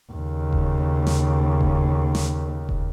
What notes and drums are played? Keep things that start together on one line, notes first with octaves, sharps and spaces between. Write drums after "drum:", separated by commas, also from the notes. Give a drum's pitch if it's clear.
D#2 C#3
drum: kick E1
drum: snare
drum: kick E1
drum: snare
drum: kick E1